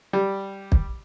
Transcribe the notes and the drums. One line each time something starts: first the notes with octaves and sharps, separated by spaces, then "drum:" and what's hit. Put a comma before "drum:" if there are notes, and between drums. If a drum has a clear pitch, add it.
G3
drum: kick